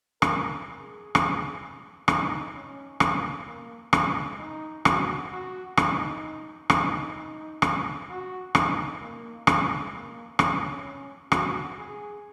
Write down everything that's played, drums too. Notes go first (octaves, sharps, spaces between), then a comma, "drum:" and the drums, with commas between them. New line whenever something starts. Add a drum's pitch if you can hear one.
A#4, drum: rim click
G#4
drum: rim click
D#4, drum: rim click
C#4
A#3, drum: rim click
A#3
G#3, drum: rim click
D#4
F#4, drum: rim click
F#4
D#4, drum: rim click
D#4, drum: rim click
drum: rim click
F#4
D#4, drum: rim click
A#3
G#3, drum: rim click
A#3
C#4, drum: rim click
F#4, drum: rim click
G#4